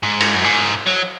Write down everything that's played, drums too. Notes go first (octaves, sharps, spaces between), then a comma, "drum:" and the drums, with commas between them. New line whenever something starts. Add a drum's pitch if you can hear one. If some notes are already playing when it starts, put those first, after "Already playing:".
G#2
drum: cymbal
F#2
G#2
F#3